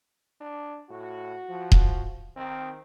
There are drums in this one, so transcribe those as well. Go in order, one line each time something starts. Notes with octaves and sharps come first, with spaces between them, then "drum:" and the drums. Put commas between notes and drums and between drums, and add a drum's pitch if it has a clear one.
D4
A2 F#4
F3
drum: kick D#1
D#3 C4